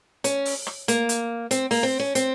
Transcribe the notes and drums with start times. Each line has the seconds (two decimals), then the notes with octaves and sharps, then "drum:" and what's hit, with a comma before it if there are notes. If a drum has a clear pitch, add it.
0.24 C#4, drum: hi-hat
0.45 drum: open hi-hat
0.67 drum: rim click
0.88 A#3, drum: hi-hat
1.09 drum: hi-hat
1.51 C4, drum: hi-hat
1.71 A#3, drum: open hi-hat
1.83 C4
1.99 C#4
2.15 C4, drum: hi-hat